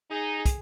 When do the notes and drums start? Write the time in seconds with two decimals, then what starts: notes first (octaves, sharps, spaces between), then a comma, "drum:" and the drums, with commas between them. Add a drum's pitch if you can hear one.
0.11 D#4 G#4
0.45 drum: kick, hi-hat